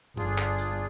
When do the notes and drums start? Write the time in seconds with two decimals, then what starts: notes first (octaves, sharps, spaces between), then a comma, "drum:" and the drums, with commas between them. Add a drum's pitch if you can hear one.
0.17 G1 D4 F4 G#4, drum: tom G2
0.38 drum: clap
0.59 drum: tambourine